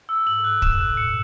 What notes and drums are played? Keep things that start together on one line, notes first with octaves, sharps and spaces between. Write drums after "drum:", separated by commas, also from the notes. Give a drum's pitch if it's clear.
E6
G#2 F#7
A2
F#6
G#2
A2 E7, drum: kick
B2
F#6
A2
F#2 C#7